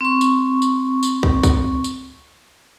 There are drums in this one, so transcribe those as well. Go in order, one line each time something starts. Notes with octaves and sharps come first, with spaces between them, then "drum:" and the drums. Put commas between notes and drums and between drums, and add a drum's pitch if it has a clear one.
C4 C#6
drum: tambourine
drum: tambourine
drum: tambourine
drum: kick
drum: kick, tambourine
drum: tambourine